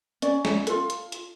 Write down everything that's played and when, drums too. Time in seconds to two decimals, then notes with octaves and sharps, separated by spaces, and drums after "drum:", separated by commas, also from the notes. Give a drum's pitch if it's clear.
0.22 C#4 D5, drum: hi-hat
0.45 drum: snare
0.67 F4 A4, drum: hi-hat
0.90 drum: hi-hat
1.12 drum: hi-hat